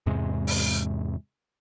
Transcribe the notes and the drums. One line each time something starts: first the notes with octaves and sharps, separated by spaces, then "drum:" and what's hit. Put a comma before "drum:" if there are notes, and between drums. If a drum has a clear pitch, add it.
E2 G#2 C3 G#3
drum: open hi-hat